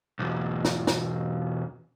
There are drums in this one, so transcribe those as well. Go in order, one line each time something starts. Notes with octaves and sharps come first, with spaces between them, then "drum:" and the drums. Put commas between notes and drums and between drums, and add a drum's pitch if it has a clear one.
B1 E2
drum: snare
drum: snare